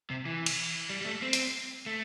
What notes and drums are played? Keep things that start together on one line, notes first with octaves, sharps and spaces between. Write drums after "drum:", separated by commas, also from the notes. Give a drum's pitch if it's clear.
C3
E3
drum: cymbal
G3
G3
A3
C4
drum: hi-hat
A3